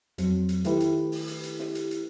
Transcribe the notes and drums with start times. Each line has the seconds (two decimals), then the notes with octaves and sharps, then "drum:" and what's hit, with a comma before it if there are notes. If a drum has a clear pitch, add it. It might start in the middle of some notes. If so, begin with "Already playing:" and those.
0.18 F2 F#3 C4, drum: hi-hat
0.49 drum: hi-hat
0.64 D#3 A3 E4 G4 B4, drum: hi-hat
0.80 drum: hi-hat
1.12 drum: open hi-hat
1.28 drum: hi-hat
1.43 drum: hi-hat
1.59 drum: snare
1.75 drum: hi-hat
1.91 drum: hi-hat